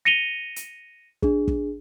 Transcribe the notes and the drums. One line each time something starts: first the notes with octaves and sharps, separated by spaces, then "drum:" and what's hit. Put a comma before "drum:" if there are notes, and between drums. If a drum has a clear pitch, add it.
A#6 C#7 D#7 F7 G7
drum: hi-hat
D4 G#4, drum: kick
drum: kick